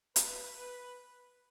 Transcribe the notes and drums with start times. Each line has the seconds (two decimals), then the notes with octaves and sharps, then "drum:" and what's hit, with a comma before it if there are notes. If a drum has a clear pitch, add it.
0.16 B4, drum: hi-hat